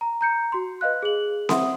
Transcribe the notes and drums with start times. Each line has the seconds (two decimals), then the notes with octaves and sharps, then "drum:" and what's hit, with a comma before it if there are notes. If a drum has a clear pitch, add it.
0.01 A#5
0.21 A#5 G6 C#7
0.52 F#4 C6
0.81 B4 D#5 F5 F#6
1.03 G#4 F#7
1.49 E5 F#5 C6 D#6, drum: snare C4